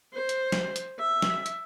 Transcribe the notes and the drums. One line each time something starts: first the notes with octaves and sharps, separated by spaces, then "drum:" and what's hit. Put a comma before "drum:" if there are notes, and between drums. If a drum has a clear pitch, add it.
C5
drum: hi-hat
drum: snare
drum: hi-hat
E5
drum: snare
drum: hi-hat